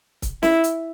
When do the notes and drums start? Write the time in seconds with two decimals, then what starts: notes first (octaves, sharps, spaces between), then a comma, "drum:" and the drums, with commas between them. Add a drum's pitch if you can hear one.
0.22 drum: kick, hi-hat
0.43 E4, drum: snare
0.64 drum: hi-hat